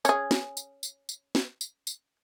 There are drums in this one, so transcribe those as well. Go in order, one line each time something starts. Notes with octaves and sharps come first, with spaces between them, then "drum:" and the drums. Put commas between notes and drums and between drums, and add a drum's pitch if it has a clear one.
C#4 G#4, drum: tambourine
drum: snare
drum: tambourine
drum: tambourine
drum: tambourine
drum: snare
drum: tambourine
drum: tambourine